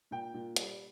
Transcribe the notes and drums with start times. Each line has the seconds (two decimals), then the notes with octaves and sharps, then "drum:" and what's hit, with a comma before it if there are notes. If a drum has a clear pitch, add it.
0.11 A#2 G5
0.34 A#2
0.56 G3, drum: hi-hat